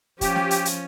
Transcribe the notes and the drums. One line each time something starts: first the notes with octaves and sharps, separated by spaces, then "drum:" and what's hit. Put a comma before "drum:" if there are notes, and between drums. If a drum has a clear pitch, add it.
F3 C#4 G4, drum: kick, hi-hat
drum: snare
drum: hi-hat
drum: hi-hat